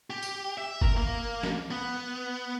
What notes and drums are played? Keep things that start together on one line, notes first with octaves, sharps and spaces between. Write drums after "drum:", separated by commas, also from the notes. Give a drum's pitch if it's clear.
G4
drum: tambourine
E5
A#4, drum: kick G1
A#3
drum: snare
B3